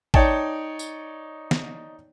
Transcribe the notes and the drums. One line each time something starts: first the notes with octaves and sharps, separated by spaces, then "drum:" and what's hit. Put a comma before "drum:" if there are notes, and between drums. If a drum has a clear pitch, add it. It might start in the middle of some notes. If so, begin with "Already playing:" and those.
D#4 C#5 D5 G5 A5, drum: kick
drum: tambourine
drum: snare